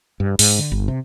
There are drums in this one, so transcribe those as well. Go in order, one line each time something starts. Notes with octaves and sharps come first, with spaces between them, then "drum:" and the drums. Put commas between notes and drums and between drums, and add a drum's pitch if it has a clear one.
G2
G#2, drum: open hi-hat
D3
G1
C3